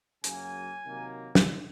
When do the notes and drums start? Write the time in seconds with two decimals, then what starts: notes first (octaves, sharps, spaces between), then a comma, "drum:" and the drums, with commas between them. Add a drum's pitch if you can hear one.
0.24 F#2 C#3 F#3 A#3 G#5, drum: hi-hat
0.84 C3 D#3 F#3 A#3
1.35 drum: snare